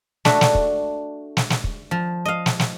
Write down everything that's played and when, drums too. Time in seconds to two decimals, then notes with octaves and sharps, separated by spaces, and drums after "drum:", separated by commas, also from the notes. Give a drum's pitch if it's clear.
0.25 A3 D4 F#4, drum: snare
0.41 drum: snare
0.55 drum: kick
1.37 drum: snare
1.50 drum: snare
1.64 drum: kick
1.91 F3
2.25 D#5 F5
2.46 drum: snare
2.60 drum: snare